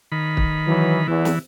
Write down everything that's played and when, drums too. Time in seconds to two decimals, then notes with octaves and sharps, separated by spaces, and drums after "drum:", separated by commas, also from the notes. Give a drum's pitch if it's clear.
0.12 D#3 B5
0.37 drum: kick
0.67 E3 F#3
1.08 E2 E3
1.25 drum: snare